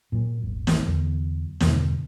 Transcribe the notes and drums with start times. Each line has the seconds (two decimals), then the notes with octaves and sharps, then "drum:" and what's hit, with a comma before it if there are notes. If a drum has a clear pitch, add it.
0.12 A#2 F#3
0.42 D#1 G#1
0.67 drum: snare
0.84 E2 D3 F#3
1.60 E2 G2 B2 D3, drum: snare